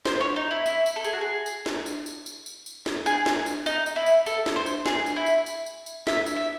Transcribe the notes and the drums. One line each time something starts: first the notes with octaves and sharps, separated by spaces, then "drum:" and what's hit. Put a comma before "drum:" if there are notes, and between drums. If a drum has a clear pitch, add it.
C5, drum: snare
C#5
D#4
E4
E4, drum: tambourine
drum: tambourine
A4
G#4, drum: tambourine
F#4
G#4
drum: tambourine
drum: snare
drum: tambourine
drum: tambourine
drum: tambourine
drum: tambourine
drum: tambourine
drum: snare
G#4, drum: tambourine
drum: snare
drum: tambourine
D#4, drum: tambourine
drum: tambourine
E4
drum: tambourine
A4, drum: tambourine
drum: snare
C5
drum: tambourine
G#4, drum: snare
drum: tambourine
E4
drum: tambourine
drum: tambourine
drum: tambourine
drum: tambourine
E5, drum: snare
drum: tambourine
E5